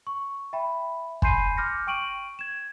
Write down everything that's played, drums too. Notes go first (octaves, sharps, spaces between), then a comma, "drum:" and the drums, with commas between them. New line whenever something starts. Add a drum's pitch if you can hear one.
C#6
E5 G5 B5
G#5 B5 C6 G6 C7 D#7, drum: kick
D6 F6 G6 A#6 C#7
G5 C#6 D7 D#7 F#7
G#6 E7